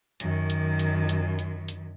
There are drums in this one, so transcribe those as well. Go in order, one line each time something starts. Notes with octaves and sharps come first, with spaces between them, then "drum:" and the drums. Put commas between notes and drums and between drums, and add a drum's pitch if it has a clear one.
F#2 D#3, drum: hi-hat
drum: hi-hat
drum: hi-hat
drum: hi-hat
drum: hi-hat
drum: hi-hat